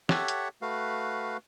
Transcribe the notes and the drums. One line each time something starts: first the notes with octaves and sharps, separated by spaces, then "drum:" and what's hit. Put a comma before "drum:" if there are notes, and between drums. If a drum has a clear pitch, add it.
G4 A4 C#5 E5 F#5, drum: snare
drum: hi-hat
A3 F#4 B4 F5